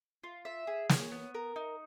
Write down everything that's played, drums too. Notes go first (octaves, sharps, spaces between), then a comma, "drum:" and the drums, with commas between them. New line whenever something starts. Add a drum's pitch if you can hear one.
F4
E5
G#4
C#5, drum: snare
B3
A#4
D#4